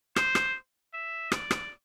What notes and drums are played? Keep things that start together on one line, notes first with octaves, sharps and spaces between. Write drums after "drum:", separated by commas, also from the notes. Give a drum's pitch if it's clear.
C5, drum: rim click
drum: rim click
E5
D5, drum: rim click
drum: rim click